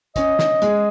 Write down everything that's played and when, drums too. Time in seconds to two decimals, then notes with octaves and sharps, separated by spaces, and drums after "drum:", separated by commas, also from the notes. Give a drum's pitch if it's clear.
0.16 C#4 D#5, drum: kick, hi-hat
0.39 drum: snare
0.62 G#3, drum: hi-hat